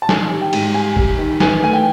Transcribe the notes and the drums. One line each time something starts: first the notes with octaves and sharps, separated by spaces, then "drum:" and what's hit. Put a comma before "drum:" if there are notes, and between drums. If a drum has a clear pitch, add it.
A5
D#3 G#5, drum: snare
G3
G5
G#2, drum: cymbal
G3 G#5
G3, drum: kick
D#3
E3 G#5, drum: snare
A3 G#5
G5